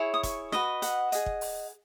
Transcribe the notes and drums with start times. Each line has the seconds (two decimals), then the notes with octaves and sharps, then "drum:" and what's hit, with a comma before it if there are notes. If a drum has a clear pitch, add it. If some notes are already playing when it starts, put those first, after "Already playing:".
Already playing: E4 G#4 C#5
0.14 D#6
0.23 C#6, drum: kick, hi-hat
0.52 F#4 B4 D#5, drum: snare
0.82 F#5, drum: hi-hat
1.12 G#4 D#5, drum: hi-hat
1.26 drum: kick
1.41 drum: open hi-hat